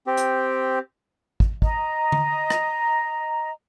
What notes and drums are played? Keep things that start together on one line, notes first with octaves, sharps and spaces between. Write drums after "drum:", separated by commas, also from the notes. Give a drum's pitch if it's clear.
C4 G4
drum: hi-hat
drum: kick
D#5 A#5, drum: kick
drum: tom D3
drum: rim click